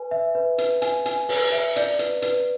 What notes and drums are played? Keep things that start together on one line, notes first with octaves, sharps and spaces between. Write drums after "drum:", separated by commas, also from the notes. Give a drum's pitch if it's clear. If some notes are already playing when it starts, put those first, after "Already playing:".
Already playing: B4 G#5
E5
B4
B4, drum: hi-hat
G#5, drum: hi-hat
G#5, drum: hi-hat
B4, drum: open hi-hat
E5
D5, drum: hi-hat
B4, drum: hi-hat
B4, drum: hi-hat